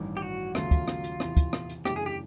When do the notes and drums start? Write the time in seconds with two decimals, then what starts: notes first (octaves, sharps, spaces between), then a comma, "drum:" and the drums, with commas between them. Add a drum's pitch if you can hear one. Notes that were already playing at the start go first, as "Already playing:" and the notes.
Already playing: A1 G2 D#3
0.17 G4
0.22 F#4
0.55 D#2 C#3 F#3 A3 F4, drum: rim click
0.71 drum: kick, hi-hat
0.88 drum: rim click
1.04 drum: hi-hat
1.20 E2 C3 E3, drum: rim click
1.37 drum: kick, hi-hat
1.53 drum: rim click
1.69 drum: hi-hat
1.85 F#2 C#3 E3 A3 D4 G4, drum: rim click
1.96 G#4
2.06 G4